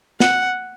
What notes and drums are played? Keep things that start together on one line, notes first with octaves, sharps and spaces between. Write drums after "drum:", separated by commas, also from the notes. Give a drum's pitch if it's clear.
F#5, drum: snare